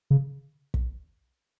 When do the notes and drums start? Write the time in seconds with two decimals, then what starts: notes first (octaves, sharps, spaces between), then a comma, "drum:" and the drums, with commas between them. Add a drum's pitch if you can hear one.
0.10 C#3
0.74 drum: kick